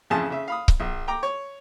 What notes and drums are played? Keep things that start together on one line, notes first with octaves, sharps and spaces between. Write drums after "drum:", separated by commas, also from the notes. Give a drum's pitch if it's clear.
A1 F2 C#3 G#4 A5
C#3 E5
F5 B5 D#6
drum: kick C#1
A#1
G5 A#5 D6
C#5